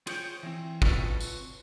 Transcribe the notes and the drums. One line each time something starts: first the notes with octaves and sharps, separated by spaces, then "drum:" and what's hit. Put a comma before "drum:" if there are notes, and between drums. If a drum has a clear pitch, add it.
F4 G#4 C5 C#5 F#5 G5, drum: cymbal
E3 C4
C4 F4 F#4 A4 B4 C#5, drum: kick
drum: tambourine